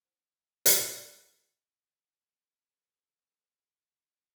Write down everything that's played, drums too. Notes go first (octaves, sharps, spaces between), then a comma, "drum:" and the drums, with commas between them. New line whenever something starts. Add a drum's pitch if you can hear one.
E4 A#4 C5 F#5 A5 C#6
drum: hi-hat
G#3 C4 C#4 A4